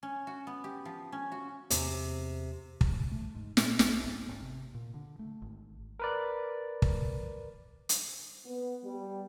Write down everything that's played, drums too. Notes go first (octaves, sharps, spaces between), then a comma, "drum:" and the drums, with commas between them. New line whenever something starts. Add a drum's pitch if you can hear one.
C#4
F#4
B3
G4
F3
C#4
F#4
E2 C3, drum: hi-hat
drum: kick
G#1
A3
G#2
A#2, drum: snare
C2, drum: snare
G#1
G#1
C3
A#2
D3
A3
G#1
A#4 B4 D5
drum: kick
drum: hi-hat
B3
G3